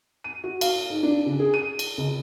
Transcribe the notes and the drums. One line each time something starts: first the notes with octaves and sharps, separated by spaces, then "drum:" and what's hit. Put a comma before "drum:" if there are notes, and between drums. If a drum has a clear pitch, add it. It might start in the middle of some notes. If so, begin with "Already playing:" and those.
D#7
F#4
F5, drum: cymbal
G#2
D4
C#3
G#4
D#7
drum: cymbal
C#2